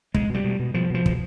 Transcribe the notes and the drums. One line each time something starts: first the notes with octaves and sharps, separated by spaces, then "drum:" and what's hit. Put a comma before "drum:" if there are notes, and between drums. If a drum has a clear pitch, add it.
B2 G#3, drum: kick
B2 G3
B2
B2
B2 F3
B2 F3
B2, drum: kick